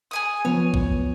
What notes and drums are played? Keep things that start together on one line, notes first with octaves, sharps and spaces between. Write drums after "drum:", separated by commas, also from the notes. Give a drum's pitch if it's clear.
G#4 G#5 D#6
F3 B3 C#5
drum: kick